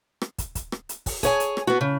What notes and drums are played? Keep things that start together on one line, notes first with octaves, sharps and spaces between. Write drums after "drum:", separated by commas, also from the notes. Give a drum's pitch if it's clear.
drum: rim click
drum: kick, hi-hat
drum: kick, hi-hat
drum: rim click
drum: hi-hat
drum: kick, open hi-hat
G#4 C#5 G#5, drum: kick, hi-hat
drum: hi-hat
drum: rim click
B3 F#4
C#3